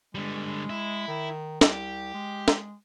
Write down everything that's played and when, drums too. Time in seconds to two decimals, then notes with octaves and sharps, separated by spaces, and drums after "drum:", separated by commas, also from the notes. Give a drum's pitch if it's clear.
0.15 D3 G3 G#3
0.70 E4
1.07 D#3
1.61 C2 G4, drum: snare
2.14 G#3
2.48 drum: snare